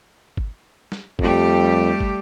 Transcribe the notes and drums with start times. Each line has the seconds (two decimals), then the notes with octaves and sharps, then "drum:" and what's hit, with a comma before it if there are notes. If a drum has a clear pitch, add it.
0.37 drum: kick
0.92 drum: snare
1.19 F2 G3 A3 G4, drum: kick
2.01 drum: kick